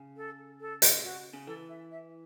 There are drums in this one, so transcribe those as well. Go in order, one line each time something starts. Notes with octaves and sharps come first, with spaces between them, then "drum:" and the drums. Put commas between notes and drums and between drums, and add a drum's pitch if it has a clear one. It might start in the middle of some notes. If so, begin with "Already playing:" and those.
Already playing: C#3
A4
A4
drum: hi-hat
F#4
C#3
E3 A4
E5
E5